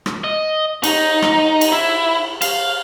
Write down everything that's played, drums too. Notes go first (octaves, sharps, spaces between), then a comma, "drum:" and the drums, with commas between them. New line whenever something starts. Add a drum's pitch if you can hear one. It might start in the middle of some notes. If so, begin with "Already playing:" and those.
drum: rim click
D#5
D#4, drum: cymbal
drum: rim click
drum: cymbal
E4
F5, drum: cymbal